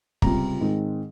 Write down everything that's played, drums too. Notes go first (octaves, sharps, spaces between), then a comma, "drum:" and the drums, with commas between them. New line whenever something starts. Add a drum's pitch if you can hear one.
C#2 C3 G3 C4 F4 A#5, drum: kick
G#2 D#3 G#3 C4